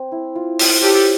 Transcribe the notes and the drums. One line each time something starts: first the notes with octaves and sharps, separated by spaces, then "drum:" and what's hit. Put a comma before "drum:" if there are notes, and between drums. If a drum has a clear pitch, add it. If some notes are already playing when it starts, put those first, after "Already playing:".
Already playing: C4
E4
F4
C4, drum: open hi-hat
G4 A4 C#5